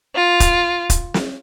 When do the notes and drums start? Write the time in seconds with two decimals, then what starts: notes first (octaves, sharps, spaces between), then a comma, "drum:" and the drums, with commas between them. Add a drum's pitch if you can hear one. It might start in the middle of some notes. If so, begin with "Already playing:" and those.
0.16 F4
0.40 drum: kick, hi-hat
0.90 drum: kick, hi-hat
1.14 drum: snare